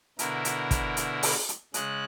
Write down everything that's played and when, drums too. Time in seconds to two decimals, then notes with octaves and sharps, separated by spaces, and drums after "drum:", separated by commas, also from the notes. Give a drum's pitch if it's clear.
0.19 B2 D3 E4 A#4, drum: hi-hat
0.45 drum: hi-hat
0.71 drum: kick, hi-hat
0.97 drum: hi-hat
1.23 drum: open hi-hat
1.49 drum: hi-hat
1.74 C#3 G#3 F#6, drum: hi-hat